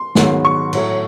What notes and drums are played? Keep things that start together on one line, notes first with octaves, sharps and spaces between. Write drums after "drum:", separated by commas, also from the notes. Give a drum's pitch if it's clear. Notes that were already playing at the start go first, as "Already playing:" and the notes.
Already playing: C6
G#2 D#3 F#3 B3, drum: snare
C#6
A2 F#3 A3, drum: cymbal